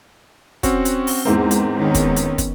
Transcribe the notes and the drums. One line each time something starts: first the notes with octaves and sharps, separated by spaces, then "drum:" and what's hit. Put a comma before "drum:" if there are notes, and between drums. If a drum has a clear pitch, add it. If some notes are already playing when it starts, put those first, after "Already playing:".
C4 C#4 F#4, drum: kick, hi-hat
drum: hi-hat
drum: open hi-hat
E2 G#2 C4 A#4
drum: hi-hat
D#3 B3 C#4
drum: kick, hi-hat
drum: hi-hat
drum: kick, hi-hat